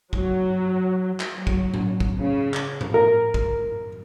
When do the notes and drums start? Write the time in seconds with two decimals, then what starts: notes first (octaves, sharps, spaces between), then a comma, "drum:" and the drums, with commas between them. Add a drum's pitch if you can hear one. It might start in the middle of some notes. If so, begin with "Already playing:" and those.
0.13 F#3, drum: kick
1.20 drum: clap
1.35 F#3
1.47 drum: kick
1.74 drum: tom A2
2.00 drum: kick
2.18 C#3
2.54 drum: clap
2.81 drum: tom A2
2.94 A#4
3.34 drum: kick